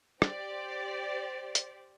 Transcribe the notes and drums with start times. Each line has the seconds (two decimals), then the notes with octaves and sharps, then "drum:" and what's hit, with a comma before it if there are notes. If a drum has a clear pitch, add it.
0.22 G4 C5 D5, drum: rim click
1.55 drum: hi-hat